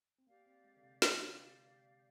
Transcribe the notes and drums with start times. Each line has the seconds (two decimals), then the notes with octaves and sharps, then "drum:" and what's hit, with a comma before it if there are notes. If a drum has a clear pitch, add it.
0.18 C4
0.27 A#3 G4 D5 F5
0.46 C4
0.64 G#3
0.76 D3
0.83 C3
1.02 drum: snare